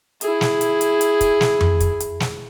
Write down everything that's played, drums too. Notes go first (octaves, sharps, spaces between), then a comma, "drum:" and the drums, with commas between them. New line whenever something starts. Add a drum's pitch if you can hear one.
E4 G#4, drum: hi-hat
drum: snare
drum: hi-hat
drum: hi-hat
drum: hi-hat
drum: kick, hi-hat
drum: snare
drum: tom F2
drum: kick, hi-hat
drum: hi-hat
drum: snare